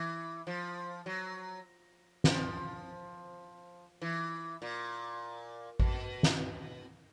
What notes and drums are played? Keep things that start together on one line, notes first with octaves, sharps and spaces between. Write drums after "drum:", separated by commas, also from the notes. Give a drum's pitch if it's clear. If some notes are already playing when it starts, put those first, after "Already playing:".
Already playing: E3
F3
F#3
F3, drum: snare
E3
A#2
B2, drum: kick A1
drum: snare